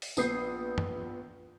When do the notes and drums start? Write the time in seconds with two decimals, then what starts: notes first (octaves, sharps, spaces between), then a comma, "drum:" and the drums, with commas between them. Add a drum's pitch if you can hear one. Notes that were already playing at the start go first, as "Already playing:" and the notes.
0.02 drum: open hi-hat
0.17 A#1 B3 D#6 G6 C7, drum: tambourine
0.78 drum: tom